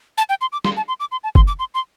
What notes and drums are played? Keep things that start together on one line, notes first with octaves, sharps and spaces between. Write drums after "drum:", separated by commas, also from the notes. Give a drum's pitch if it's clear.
A5
G5
C6
D6
C6, drum: snare
A5
C6
D6
C6
A5
C6, drum: kick
D6
C6
C6